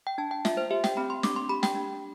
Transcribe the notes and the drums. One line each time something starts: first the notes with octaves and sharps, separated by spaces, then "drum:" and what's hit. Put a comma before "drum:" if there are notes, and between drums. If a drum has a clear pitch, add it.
G5
D4 A5
G5
F4 E5, drum: snare
C5
G4 E5
G5, drum: snare
C4 B5
C6
D4 D6, drum: snare
C6
G4 B5
G5, drum: snare
D4